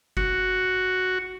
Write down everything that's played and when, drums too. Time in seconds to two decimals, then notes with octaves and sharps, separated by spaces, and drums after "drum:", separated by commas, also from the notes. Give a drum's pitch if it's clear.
0.17 F#4, drum: kick F#1